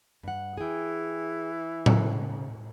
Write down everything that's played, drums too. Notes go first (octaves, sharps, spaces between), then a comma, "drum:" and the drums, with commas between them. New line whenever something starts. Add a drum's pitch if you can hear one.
G2 F#5
E3 G#4 G5
C#3, drum: tom A2